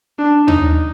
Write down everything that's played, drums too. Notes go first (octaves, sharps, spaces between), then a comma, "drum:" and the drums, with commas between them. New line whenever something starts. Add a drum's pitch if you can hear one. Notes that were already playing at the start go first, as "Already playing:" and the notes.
D4
D#4, drum: tom D#2